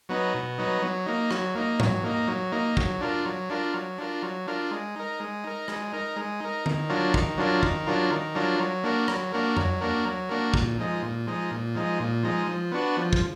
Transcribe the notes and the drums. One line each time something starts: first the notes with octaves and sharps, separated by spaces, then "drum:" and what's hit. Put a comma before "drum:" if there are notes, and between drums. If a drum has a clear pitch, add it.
F#3 B3 D#4
B2
F#3 B3 D#4
F#3
A#3 D#4
F#3, drum: rim click
A#3 D#4
F#3, drum: tom G#2
A#3 D#4
F#3
A#3 D#4
F#3, drum: kick
D4 F4 A#4
F#3
D4 F4 A#4
F#3
D4 F4 A#4
F#3
D4 F4 A#4
G#3
D#4 A#4
G#3
D#4 A#4
G#3, drum: rim click
D#4 A#4
G#3
D#4 A#4
D#3, drum: tom D3
F#3 D4 F4 A#4
D#3, drum: kick
F#3 D4 F4 A#4
D#3, drum: kick
F#3 D4 F4 A#4
D#3
F#3 D4 F4 A#4
F#3
A#3 D4 F#4 A#4
F#3, drum: rim click
A#3 D4 F#4 A#4
F#3, drum: tom F2
A#3 D4 F#4 A#4
F#3
A#3 D4 F#4 A#4
A#2, drum: kick
F3 G#3 D#4
A#2
F3 G#3 D#4
A#2
F3 G#3 D#4
A#2
F3 G#3 D#4
F3
B3 D4 F#4
F3
drum: kick